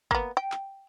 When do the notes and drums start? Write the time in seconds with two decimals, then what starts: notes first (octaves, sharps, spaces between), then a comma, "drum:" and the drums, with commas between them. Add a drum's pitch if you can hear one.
0.11 A#3 B3, drum: kick
0.37 G5
0.52 drum: clap